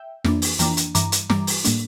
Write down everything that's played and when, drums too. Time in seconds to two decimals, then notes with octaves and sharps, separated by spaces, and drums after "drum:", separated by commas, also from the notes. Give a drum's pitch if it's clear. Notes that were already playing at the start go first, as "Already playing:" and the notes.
Already playing: E5 G5
0.24 F2 E3 A#3 D4, drum: snare
0.42 drum: open hi-hat
0.59 F2 E3 A#3 D4 G5 A#5, drum: hi-hat
0.77 drum: hi-hat
0.95 G2 E3 G3 A#5 D6, drum: hi-hat
1.12 drum: hi-hat
1.30 G2 E3 G3 A#5 D6, drum: snare
1.47 drum: open hi-hat
1.64 A2 G3 A#3 D4, drum: hi-hat